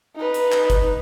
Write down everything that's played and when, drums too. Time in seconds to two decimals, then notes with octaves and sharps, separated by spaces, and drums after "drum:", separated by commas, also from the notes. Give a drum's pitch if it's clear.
0.17 D#4 B4
0.34 drum: hi-hat
0.52 drum: clap
0.70 drum: kick G1, hi-hat